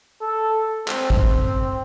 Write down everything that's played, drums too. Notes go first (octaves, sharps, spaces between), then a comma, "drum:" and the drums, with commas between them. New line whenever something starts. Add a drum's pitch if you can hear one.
A4
C4, drum: clap
drum: kick